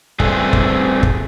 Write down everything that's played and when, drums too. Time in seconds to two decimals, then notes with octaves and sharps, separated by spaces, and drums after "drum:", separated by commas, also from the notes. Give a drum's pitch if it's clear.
0.20 G3 A3 C4 G#4 A4 B4, drum: kick
0.53 drum: kick
1.03 drum: kick